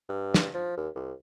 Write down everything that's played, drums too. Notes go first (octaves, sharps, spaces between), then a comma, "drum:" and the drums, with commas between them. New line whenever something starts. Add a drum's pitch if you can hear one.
G2
drum: snare
F3
D#2
C2